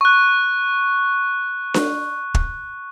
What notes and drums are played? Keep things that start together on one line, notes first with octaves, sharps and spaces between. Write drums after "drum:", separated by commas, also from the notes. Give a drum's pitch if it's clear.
C#6 F#6
drum: snare D4
drum: kick